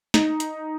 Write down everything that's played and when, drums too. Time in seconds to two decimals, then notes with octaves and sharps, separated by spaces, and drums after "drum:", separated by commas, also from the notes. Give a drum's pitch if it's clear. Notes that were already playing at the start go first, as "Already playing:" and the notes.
0.14 D#4, drum: snare
0.40 drum: hi-hat